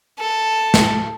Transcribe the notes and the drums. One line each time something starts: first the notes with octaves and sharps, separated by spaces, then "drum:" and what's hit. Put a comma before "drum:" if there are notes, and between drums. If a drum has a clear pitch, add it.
A4
drum: snare